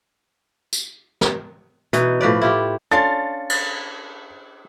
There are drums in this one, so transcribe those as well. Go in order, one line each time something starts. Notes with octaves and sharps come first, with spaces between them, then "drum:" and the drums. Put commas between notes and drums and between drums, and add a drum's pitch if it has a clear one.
drum: tambourine
drum: snare
B2 E3 D#4, drum: hi-hat
A2 F3 B4 D5
E4 F4 G4
C#4 D4 A4 F5 C6 A6
drum: cymbal